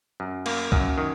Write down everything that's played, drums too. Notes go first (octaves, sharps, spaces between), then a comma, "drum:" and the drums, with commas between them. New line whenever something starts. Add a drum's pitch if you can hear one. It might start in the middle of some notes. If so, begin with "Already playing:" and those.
F#2
A#3, drum: cymbal
F#2, drum: kick C2
D#3